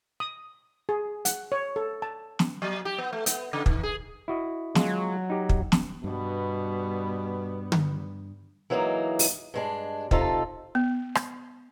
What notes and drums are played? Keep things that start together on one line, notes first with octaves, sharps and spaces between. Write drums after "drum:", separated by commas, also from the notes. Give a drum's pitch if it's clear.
D#6
G#4
F#5, drum: hi-hat
C#5
A4
A5
drum: snare
F#3
G4
B3
A3
B3, drum: hi-hat
C#3
D#3, drum: kick
G#4
E4 F#4 D#5
F#3 G#3 F4, drum: snare
D#4 G4
drum: kick
drum: snare
G2 B2 G3 B3
drum: tom D3
E3 F#3 G#3 A#3 D4 D#4
drum: open hi-hat
G2 G#3 D4
C3 D#4 F4 A4 A5, drum: kick
B3
drum: rim click